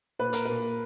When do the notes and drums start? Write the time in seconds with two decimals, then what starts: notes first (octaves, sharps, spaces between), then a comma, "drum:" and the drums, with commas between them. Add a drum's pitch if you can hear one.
0.19 A#2 B4
0.33 A#4, drum: hi-hat
0.45 A#2 B4